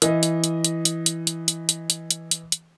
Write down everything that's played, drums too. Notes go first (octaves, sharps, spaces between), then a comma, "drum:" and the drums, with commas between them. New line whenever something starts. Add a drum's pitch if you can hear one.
E3 D#5, drum: hi-hat
drum: hi-hat
drum: hi-hat
drum: hi-hat
drum: hi-hat
drum: hi-hat
drum: hi-hat
drum: hi-hat
drum: hi-hat
drum: hi-hat
drum: hi-hat
drum: hi-hat
drum: hi-hat